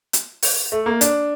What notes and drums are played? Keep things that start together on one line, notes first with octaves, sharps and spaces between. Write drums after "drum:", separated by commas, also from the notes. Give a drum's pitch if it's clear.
drum: hi-hat
drum: open hi-hat
A3
A#3
D4, drum: hi-hat